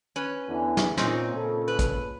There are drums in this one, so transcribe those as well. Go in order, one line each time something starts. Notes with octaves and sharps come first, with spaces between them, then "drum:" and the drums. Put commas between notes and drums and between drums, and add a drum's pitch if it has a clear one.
C#4 B4
E2 D3 E3
drum: snare
A#2 C4 C#4 D#4, drum: snare
A#2 C#3 A4
B4
drum: kick, hi-hat